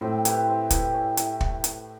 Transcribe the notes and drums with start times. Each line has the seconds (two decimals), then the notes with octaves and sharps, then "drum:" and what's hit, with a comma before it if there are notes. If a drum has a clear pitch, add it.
0.01 A2 C4
0.25 E4 G4 B4, drum: hi-hat
0.48 C4
0.70 E4 G4 B4, drum: kick, hi-hat
0.94 C#4
1.17 E4 A4, drum: hi-hat
1.41 drum: kick
1.64 drum: hi-hat